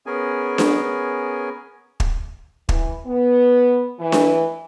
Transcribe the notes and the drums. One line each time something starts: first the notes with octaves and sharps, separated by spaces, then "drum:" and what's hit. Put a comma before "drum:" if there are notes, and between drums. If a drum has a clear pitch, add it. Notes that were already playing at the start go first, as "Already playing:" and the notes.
B3 C#4 G#4 A#4 G#5
drum: snare D4
drum: kick
E3, drum: kick
B3
E3
drum: snare D4